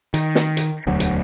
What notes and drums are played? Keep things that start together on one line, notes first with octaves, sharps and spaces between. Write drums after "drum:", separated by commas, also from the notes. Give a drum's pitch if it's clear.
D#3, drum: hi-hat
drum: snare
drum: hi-hat
E1 D2 D3 F#3
drum: hi-hat